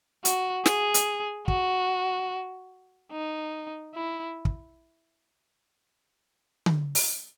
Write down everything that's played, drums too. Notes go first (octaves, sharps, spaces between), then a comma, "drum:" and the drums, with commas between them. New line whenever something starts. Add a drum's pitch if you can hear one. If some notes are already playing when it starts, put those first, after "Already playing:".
F#4, drum: hi-hat
G#4, drum: snare
drum: hi-hat
F#4, drum: kick
D#4
E4
drum: kick
drum: tom D3
drum: open hi-hat